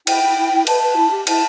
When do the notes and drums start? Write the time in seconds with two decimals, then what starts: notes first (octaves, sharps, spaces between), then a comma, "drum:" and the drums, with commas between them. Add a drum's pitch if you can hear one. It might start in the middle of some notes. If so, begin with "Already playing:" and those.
0.07 E4 G5, drum: cymbal
0.22 E4
0.37 E4
0.52 E4
0.67 B4 A5, drum: cymbal
0.82 B4
0.97 E4
1.12 G4
1.27 E4 A5, drum: cymbal